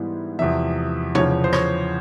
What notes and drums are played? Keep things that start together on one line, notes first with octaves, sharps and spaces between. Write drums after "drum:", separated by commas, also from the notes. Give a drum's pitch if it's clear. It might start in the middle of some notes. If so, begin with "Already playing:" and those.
Already playing: G#2 E3 G3 B3 E4
E2 C3 F3 E5
E2 C#3 F3 C#5, drum: tom
C5
C#5, drum: rim click